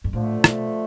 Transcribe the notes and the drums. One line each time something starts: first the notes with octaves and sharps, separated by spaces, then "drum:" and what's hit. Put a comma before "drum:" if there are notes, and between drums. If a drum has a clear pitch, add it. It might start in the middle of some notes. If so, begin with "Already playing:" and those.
G2
A2 D3 F3 A3
B2, drum: rim click